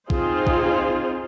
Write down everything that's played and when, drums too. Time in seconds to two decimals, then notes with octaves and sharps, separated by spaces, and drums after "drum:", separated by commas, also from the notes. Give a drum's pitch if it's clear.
0.10 C4 D#4 F4 G#4 C5, drum: kick
0.47 drum: kick